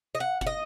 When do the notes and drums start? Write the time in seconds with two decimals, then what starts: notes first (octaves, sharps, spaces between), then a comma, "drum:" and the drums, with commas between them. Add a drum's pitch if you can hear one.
0.15 D#5
0.20 F#5
0.41 F#5, drum: kick F#1
0.46 D#5